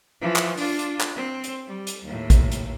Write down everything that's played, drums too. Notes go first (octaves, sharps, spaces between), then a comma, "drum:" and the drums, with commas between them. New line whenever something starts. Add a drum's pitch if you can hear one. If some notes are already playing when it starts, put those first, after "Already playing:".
E3 F3
drum: clap
D4 F4, drum: open hi-hat
drum: hi-hat
drum: clap
C4
drum: hi-hat
G3
drum: hi-hat
D#2 A2
drum: kick, hi-hat
drum: hi-hat